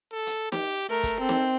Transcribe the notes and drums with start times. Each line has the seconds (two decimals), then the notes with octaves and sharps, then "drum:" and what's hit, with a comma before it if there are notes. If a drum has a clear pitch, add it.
0.12 A4
0.27 drum: hi-hat
0.52 G4, drum: snare
0.90 A3 A#4
1.03 drum: kick, hi-hat
1.20 C4 A4
1.29 drum: snare